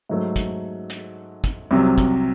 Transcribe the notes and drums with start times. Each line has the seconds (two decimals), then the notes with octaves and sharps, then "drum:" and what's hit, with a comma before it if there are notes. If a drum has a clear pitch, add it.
0.09 G#2 F#3 A3
0.36 drum: kick, hi-hat
0.90 drum: hi-hat
1.44 drum: kick, hi-hat
1.71 C2 C3 F#3
1.98 drum: kick, hi-hat